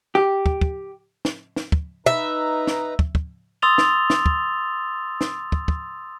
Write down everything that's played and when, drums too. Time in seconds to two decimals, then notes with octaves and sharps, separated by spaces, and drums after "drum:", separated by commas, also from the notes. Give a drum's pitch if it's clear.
0.15 G4
0.46 drum: kick
0.61 drum: kick
1.25 drum: snare
1.56 drum: snare
1.72 drum: kick
2.06 D#4 B4 E5 A#5
2.67 drum: snare
2.99 drum: kick
3.15 drum: kick
3.62 C6 D#6 E6 A6 F7 G7
3.78 drum: snare
4.10 drum: snare
4.26 drum: kick
5.21 drum: snare
5.52 drum: kick
5.68 drum: kick